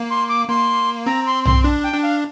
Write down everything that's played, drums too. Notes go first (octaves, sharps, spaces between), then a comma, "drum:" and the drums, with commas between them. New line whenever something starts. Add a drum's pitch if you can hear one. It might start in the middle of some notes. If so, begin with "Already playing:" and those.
Already playing: A#3
C6
D6
A#3 C6
C4 A#5
C6
C6, drum: tom B1
D4
G5
D4
F5